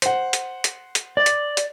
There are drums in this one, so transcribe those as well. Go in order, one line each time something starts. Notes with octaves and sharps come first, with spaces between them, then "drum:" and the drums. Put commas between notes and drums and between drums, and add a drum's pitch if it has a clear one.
C5 F#5, drum: hi-hat
drum: hi-hat
drum: hi-hat
drum: hi-hat
D5
drum: hi-hat
drum: hi-hat